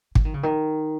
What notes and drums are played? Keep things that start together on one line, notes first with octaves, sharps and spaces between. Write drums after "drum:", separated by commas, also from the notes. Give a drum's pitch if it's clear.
E3, drum: kick
D#3
C#3
D#3